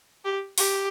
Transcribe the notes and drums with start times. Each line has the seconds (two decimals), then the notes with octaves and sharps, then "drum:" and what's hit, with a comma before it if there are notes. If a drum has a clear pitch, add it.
0.25 G4
0.58 G4, drum: open hi-hat